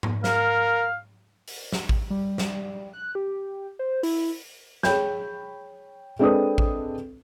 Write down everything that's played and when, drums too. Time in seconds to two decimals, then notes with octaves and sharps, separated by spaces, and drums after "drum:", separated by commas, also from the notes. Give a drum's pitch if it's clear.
0.03 drum: tom G#2
0.24 A#4 F5, drum: snare
1.47 drum: open hi-hat
1.72 drum: snare
1.89 drum: kick A1
2.10 G3
2.38 drum: snare
2.93 F#6
3.15 G4
3.79 C5
4.03 E4, drum: open hi-hat
4.83 G#4 C#5 G5 B5 G6, drum: snare
6.19 G#3 C4 D4 A4 B4 D#6
6.58 drum: kick A1